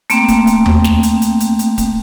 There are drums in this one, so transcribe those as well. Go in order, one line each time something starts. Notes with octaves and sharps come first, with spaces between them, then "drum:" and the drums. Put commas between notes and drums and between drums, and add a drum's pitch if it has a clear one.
A3 A#3 C4 G5, drum: hi-hat
drum: kick D1, hi-hat
drum: hi-hat
drum: tom D#2
drum: snare
drum: hi-hat
drum: hi-hat
drum: hi-hat
drum: hi-hat
drum: kick D1, hi-hat